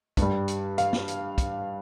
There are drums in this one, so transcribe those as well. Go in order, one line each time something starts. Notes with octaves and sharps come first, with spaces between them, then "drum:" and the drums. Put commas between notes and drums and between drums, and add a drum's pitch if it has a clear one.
G2 G3, drum: kick, hi-hat
drum: hi-hat
F5, drum: hi-hat
drum: snare
drum: hi-hat
drum: kick, hi-hat